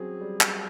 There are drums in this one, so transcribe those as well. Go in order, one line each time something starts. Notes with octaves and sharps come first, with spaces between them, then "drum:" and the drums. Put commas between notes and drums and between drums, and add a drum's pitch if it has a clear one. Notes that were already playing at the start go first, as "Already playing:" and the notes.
Already playing: F#3 C4 C#4 G#4
G3
drum: clap